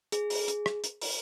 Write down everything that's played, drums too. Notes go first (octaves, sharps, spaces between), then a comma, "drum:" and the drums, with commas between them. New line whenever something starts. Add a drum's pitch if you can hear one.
G#4, drum: hi-hat
drum: open hi-hat
drum: hi-hat
drum: rim click
drum: hi-hat
drum: open hi-hat